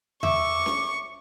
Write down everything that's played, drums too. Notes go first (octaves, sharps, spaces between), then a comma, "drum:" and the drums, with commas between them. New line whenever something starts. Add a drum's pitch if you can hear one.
E5 C#6 D6, drum: tom E2
drum: snare C#4